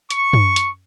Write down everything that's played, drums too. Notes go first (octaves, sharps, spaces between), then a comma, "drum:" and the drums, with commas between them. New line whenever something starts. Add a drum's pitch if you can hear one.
C#6, drum: hi-hat
drum: tom
drum: hi-hat